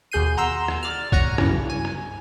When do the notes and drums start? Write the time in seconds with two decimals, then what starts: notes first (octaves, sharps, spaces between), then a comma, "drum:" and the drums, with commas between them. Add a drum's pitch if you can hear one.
0.12 D#2 B2 G#4 G6 C7 D#7
0.37 F#5 A#5 C6 E6
0.68 drum: rim click
0.83 D5 F6
1.12 C#5 F#5 G#5 A#5, drum: kick B1
1.38 G2 C#3 E3 F#3, drum: rim click
1.70 G#5
1.85 drum: rim click